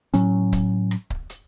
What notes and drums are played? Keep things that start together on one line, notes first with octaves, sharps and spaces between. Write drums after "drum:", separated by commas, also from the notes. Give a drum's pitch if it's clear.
A2 F#3 C#4, drum: hi-hat
drum: kick C#1, hi-hat
drum: rim click
drum: kick C#1
drum: hi-hat